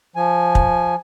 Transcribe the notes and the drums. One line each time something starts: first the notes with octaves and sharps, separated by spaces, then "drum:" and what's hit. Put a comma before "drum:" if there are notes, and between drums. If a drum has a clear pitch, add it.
F3 G#5
drum: kick